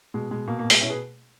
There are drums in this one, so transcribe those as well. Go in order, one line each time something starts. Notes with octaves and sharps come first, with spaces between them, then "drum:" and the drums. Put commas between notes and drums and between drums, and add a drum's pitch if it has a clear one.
B2 G#3
B2 G#3
B2 A#3
A#3
B2
G#3 B3, drum: open hi-hat
B2 C#4 E4
G#4 B4